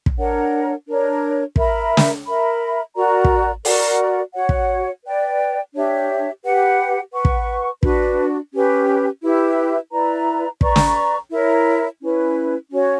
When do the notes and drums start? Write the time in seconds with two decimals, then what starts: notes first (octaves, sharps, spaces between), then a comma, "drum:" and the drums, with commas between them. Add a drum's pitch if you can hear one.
0.06 drum: kick
0.17 D4 A#4 C#5 F#5
0.87 D4 A#4 C#5
1.56 A#4 E5 B5, drum: kick
1.97 drum: snare
2.26 A#4 E5 B5
2.95 F#4 A#4 D5 A#5
3.25 drum: kick
3.65 F#4 A#4 D5 F#5, drum: open hi-hat
4.34 F#4 C#5 F#5
4.49 drum: kick
5.04 B4 D5 G5
5.73 D4 G4 C#5 E5
6.44 G4 B4 F#5
7.13 B4 F#5 C#6
7.25 drum: kick
7.83 D4 F#4 B4, drum: kick
8.52 C#4 G4 B4
9.22 E4 G4 B4 E5
9.92 E4 B4 D5 A#5
10.61 B4 D5 A#5 C#6, drum: kick
10.76 drum: snare
11.31 E4 A#4 C#5
12.01 C#4 E4 B4
12.70 C#4 F#4 C#5